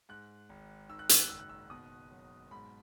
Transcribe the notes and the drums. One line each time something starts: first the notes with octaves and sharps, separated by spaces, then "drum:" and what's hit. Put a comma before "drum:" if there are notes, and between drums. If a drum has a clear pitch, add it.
G#2 F#6
G#1
D#3 E6
F#6
E6, drum: hi-hat
F#6
F#1 E6
F#6
E6
B2 D#6
F#3
G#2 B5